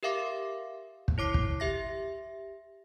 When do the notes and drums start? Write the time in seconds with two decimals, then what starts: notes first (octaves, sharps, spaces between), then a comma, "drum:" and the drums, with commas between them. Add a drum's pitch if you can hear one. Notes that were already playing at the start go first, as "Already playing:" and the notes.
0.03 G4 A#4 E5 F5 D6
1.08 drum: kick
1.18 E4 C#5 D6 C7
1.34 drum: kick
1.60 G4 E5 A#6